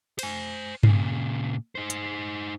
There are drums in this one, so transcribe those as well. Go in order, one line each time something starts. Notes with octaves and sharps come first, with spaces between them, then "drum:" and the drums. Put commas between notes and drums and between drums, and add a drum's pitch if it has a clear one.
C5 G#5, drum: cymbal
A#2 C#3, drum: tom G2
D#4 C5
drum: hi-hat